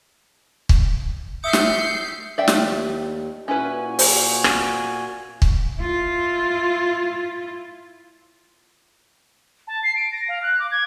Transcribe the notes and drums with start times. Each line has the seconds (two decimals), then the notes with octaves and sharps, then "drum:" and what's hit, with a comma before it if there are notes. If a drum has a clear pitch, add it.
0.69 drum: kick
1.44 E5 D#6 E6 G6 C7 C#7
1.53 drum: snare
2.38 D#2 D5 E5 G5
2.48 drum: snare
3.48 A#2 C#4 E4 F#4 B4 G#5
3.99 C5, drum: open hi-hat
4.44 drum: rim click
5.42 drum: kick
5.80 E4 F4
9.68 A5
9.83 C7
9.96 D7
10.12 A#6
10.29 F5
10.43 F#6
10.59 D6
10.71 G#6